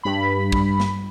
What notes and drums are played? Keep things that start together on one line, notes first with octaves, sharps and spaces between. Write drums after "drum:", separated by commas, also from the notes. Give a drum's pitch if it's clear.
G2 B5
drum: kick
drum: snare